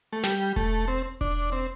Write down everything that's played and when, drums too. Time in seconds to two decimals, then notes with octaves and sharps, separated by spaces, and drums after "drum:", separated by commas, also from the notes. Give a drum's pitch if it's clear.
0.12 A3
0.23 G3, drum: snare
0.56 A3, drum: kick E1
0.88 C4
1.21 D4, drum: kick E1
1.52 C4